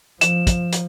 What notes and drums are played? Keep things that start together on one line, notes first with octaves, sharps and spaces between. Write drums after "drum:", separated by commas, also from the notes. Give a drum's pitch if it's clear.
F3 E7, drum: hi-hat
drum: kick, hi-hat
drum: hi-hat